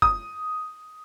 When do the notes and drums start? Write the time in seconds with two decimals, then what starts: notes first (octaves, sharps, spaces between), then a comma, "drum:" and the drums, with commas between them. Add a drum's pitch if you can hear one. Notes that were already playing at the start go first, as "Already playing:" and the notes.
0.02 D#6, drum: kick